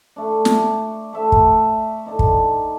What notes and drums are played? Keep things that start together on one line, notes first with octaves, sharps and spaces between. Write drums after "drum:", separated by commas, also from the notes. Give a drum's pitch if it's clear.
A3 D4
drum: snare
A3 E5 F#5
drum: kick
D3 D4 D#4
drum: kick